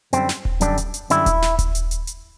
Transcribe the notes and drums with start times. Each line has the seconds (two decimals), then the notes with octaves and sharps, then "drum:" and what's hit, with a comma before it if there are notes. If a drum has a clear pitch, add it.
0.13 F#2 D3 G3 C4, drum: hi-hat
0.29 drum: snare
0.45 drum: kick D#1
0.61 F#2 D3 G3 D4, drum: hi-hat
0.77 drum: hi-hat
0.94 drum: hi-hat
1.10 F#2 D3 G3 E4, drum: hi-hat
1.26 drum: kick D#1, hi-hat
1.42 drum: snare
1.59 drum: kick D#1, hi-hat
1.75 drum: hi-hat
1.91 drum: hi-hat
2.07 drum: hi-hat